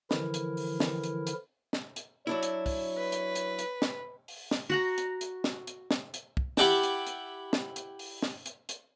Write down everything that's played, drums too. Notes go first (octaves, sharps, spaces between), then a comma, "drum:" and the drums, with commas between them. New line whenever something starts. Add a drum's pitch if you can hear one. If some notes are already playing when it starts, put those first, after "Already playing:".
D3 E3 F3 E4 A#4, drum: snare
drum: hi-hat
drum: open hi-hat
drum: snare
drum: hi-hat
drum: hi-hat
drum: snare
drum: hi-hat
F#3 D4 E4 C#5
drum: hi-hat
drum: kick, open hi-hat
B4
drum: hi-hat
drum: hi-hat
drum: hi-hat
drum: snare
drum: open hi-hat
drum: snare
F#4 F#5 A#5
drum: hi-hat
drum: hi-hat
drum: snare
drum: hi-hat
drum: snare
drum: hi-hat
drum: kick
E4 G4 E5 F#5 G5 A5, drum: snare
drum: hi-hat
drum: hi-hat
drum: snare
drum: hi-hat
drum: open hi-hat
drum: snare
drum: hi-hat
drum: hi-hat